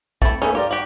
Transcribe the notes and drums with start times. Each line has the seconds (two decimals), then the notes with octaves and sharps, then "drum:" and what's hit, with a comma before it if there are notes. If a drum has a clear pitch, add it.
0.22 A3 C4 E4 A5, drum: kick
0.42 A3 A#3 C#4 D#4 G#4 B4
0.55 F4 G4 A#4 D5
0.71 F#4 G4